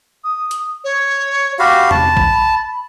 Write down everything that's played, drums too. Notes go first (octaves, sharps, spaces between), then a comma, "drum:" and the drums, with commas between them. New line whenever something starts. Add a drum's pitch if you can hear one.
D#6
drum: hi-hat
C#5
F#4 G4 F5 B5
A5, drum: tom E2
drum: kick